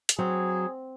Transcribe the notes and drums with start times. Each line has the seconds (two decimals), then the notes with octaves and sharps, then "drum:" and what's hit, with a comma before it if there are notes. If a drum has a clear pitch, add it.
0.09 drum: hi-hat
0.19 F#3 C4 G#4